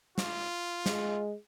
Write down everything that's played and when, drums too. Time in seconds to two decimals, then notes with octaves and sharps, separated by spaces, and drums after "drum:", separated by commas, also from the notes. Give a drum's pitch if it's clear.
0.18 F4, drum: snare
0.86 G#3, drum: snare